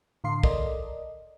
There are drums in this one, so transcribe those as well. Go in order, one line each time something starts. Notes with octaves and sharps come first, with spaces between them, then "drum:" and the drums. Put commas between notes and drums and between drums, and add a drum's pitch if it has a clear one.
A2 D3 F5 C6 C7
A4 A#4 D5 D#5, drum: kick